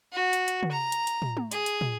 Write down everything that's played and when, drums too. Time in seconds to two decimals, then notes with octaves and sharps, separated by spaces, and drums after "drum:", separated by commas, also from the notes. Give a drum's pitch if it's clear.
0.12 F#4
0.33 drum: hi-hat
0.48 drum: hi-hat
0.63 drum: tom
0.72 A#5
0.92 drum: hi-hat
1.07 drum: hi-hat
1.22 drum: tom
1.37 drum: tom
1.51 G#4, drum: hi-hat
1.66 drum: hi-hat
1.81 drum: tom